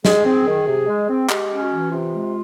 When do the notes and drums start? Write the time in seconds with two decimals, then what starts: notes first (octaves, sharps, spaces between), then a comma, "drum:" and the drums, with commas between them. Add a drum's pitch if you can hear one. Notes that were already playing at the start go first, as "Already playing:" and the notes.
0.05 G#3 G#4, drum: snare
0.26 C4
0.47 D#3
0.67 C3
0.88 G#3
1.09 C4
1.29 G#3 G4, drum: clap
1.50 C#4
1.61 F#4
1.71 E3
1.91 C3 F4
2.13 G#3